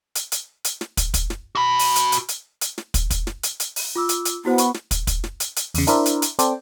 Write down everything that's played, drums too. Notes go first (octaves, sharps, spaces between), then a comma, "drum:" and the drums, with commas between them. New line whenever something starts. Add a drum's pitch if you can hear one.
drum: hi-hat
drum: hi-hat
drum: hi-hat
drum: snare
drum: kick, hi-hat
drum: kick, hi-hat
drum: snare
F#4 B5
drum: open hi-hat
drum: hi-hat
drum: hi-hat
drum: hi-hat
drum: hi-hat
drum: snare
drum: kick, hi-hat
drum: kick, hi-hat
drum: snare
drum: hi-hat
drum: hi-hat
drum: open hi-hat
F4 D6 E6
drum: hi-hat
drum: hi-hat
B3 E4 F#4 C5
B5 C#6, drum: hi-hat
drum: snare
drum: kick, hi-hat
drum: kick, hi-hat
drum: snare
drum: hi-hat
drum: hi-hat
E2 C#3, drum: open hi-hat
D4 E4 A#4 C5 D5 E5, drum: hi-hat
drum: hi-hat
drum: hi-hat
C4 A4 C5 D5 G5, drum: hi-hat